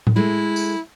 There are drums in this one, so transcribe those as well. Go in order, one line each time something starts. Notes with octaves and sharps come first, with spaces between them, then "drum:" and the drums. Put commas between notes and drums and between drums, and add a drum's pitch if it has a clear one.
drum: tom A2
G#3 A3 E4
drum: tambourine